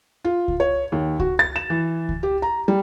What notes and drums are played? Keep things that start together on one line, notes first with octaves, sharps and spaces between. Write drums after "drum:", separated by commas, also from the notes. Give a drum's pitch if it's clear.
F4
drum: kick C#2
C#5
D#2
F#4, drum: kick C#2
A6
E7
E3
drum: kick C#2
G4
A#5
G3